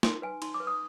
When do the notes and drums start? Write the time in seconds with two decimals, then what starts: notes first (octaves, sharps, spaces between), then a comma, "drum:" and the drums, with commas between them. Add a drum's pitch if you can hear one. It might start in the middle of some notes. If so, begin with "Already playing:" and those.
0.03 D#4 C6, drum: snare
0.22 B4 G#5
0.42 D#4 C6, drum: cymbal
0.54 D6
0.60 B4
0.67 D#6